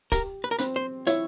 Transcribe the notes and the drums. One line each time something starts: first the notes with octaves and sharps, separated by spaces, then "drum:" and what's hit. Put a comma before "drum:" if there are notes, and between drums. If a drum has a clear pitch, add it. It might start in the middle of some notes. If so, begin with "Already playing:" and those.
G4 A#4, drum: kick, hi-hat
B4
A#4
C4 B4, drum: hi-hat
C5
E4 C#5, drum: hi-hat